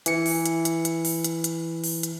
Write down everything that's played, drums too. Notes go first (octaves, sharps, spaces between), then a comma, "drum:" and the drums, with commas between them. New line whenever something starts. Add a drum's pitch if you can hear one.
E3 C#7, drum: hi-hat
drum: open hi-hat
drum: hi-hat
drum: hi-hat
drum: hi-hat
drum: open hi-hat
drum: hi-hat
drum: hi-hat
drum: open hi-hat
drum: hi-hat